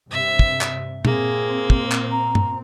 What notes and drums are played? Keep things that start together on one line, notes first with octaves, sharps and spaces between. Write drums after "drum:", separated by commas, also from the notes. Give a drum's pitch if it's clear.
G2 C3 E5
drum: kick
drum: clap
A#2 A#3 C4 G#4, drum: tom B2
drum: kick
drum: clap
A#5
drum: tom